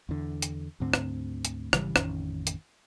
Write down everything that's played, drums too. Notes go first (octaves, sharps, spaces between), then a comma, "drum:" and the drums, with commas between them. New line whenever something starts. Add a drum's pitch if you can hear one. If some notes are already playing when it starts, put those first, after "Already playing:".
E2 D3
drum: hi-hat
D2 G#2 D3 C4
drum: rim click
drum: hi-hat
G#1 C#3 E3 G3, drum: rim click
A1 F2 D#3 C#4, drum: rim click
drum: hi-hat